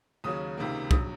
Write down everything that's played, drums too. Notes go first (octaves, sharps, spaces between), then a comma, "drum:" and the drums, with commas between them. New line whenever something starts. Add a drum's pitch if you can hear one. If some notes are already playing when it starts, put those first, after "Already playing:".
D#2 C#3 F#3 C#4 D#6
C#2 C3 D#3 A#3
A#1 F#3 D#6, drum: kick C2